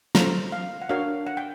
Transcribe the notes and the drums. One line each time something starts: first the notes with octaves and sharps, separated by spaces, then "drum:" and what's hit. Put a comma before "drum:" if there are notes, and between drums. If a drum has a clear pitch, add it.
F4 A4 C5 A#5, drum: snare
F5
F#5
D4 F#4 A#4 C#5 F5
F#5
G5